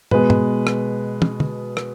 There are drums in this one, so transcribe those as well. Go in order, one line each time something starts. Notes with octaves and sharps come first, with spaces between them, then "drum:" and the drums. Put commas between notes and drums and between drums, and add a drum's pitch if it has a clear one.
B2 G#3 B3 B4, drum: tom
drum: tom
drum: rim click
drum: tom
drum: tom
drum: rim click